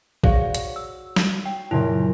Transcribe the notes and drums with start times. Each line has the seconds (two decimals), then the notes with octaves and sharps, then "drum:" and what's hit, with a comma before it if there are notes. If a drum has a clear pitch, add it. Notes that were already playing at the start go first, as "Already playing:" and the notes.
0.24 F#4 G#4 C#5 D5 F5, drum: kick A#1
0.55 drum: hi-hat
0.76 E6
1.16 drum: snare
1.46 G5
1.71 F#2 A#2 C#3 E4